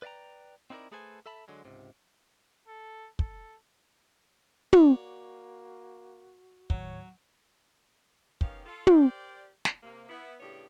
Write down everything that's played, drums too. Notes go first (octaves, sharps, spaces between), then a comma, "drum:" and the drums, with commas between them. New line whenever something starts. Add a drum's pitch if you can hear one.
B4 D5 E5 G5 A#5
C4 D#4 E4 F#4 A#4 D5
A3 G#4 A4 B4 C5 G#5
A4 E5 A5 B5
D3 F#3 G#3
C#2 G#2 C3
A4
A4, drum: kick
A#3 F#4 C#5 D5, drum: tom
D#2 A2 D#3 F#3 C#5, drum: kick
D#3 B3 C#4 G4 F5, drum: kick
F4 A4
G4 A#4 C5 D5, drum: tom
drum: snare
C3 A#3
B3 E4
A2 C#3 B3 D4 G4 C#5